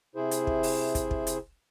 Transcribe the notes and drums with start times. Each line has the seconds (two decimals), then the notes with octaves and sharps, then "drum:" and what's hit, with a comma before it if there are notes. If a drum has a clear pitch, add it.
0.15 C3 E4 G#4 C5
0.31 drum: hi-hat
0.47 drum: kick
0.63 drum: open hi-hat
0.95 drum: kick, hi-hat
1.11 drum: kick
1.27 drum: hi-hat